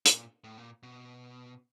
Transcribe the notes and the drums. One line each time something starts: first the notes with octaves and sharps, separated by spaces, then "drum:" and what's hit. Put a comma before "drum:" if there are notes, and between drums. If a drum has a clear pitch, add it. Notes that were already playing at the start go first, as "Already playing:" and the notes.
A#2, drum: hi-hat
A2
A#2
B2